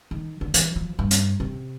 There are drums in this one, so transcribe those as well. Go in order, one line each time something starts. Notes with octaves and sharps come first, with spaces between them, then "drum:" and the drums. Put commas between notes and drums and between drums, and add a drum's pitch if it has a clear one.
D#3
D3
E3, drum: hi-hat
F3
G2
drum: hi-hat
C3